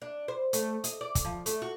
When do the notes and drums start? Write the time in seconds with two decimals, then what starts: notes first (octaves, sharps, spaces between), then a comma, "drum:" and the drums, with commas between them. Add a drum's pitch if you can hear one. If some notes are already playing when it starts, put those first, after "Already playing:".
0.02 D4
0.28 C5
0.53 A3, drum: hi-hat
0.84 D#5, drum: hi-hat
1.01 D5
1.15 drum: kick, hi-hat
1.25 F3
1.46 A3, drum: hi-hat
1.62 F#4